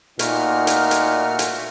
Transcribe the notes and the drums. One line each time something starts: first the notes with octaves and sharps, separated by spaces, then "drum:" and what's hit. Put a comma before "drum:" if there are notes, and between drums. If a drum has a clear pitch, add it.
A#2 A3 D#4 F#4 F#5 F6, drum: hi-hat
drum: hi-hat
drum: hi-hat
drum: hi-hat